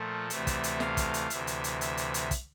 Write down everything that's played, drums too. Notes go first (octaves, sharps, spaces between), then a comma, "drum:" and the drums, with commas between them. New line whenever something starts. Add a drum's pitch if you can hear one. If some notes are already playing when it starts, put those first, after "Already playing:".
Already playing: A#2 F3 A3 A4
D2 C3 E3 A3 E5, drum: hi-hat
drum: kick, hi-hat
drum: hi-hat
F5, drum: snare
drum: kick, hi-hat
drum: hi-hat
D2 C3 E3 E5, drum: hi-hat
drum: hi-hat
drum: hi-hat
E5, drum: hi-hat
drum: hi-hat
drum: hi-hat
drum: kick, hi-hat